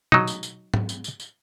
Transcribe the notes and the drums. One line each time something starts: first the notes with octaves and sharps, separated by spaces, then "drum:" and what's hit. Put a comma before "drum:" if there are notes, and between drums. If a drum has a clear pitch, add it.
F#3 D#4, drum: tom B2
drum: tambourine
drum: tambourine
drum: tom G#2
drum: tambourine
drum: tambourine
drum: tambourine